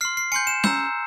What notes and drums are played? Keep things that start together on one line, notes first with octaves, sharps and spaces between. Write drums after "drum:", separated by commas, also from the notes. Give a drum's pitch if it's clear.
C6 F6 C7
C7
G#5 C6 G6 C#7
E7
A#5 E6 G6, drum: snare C#4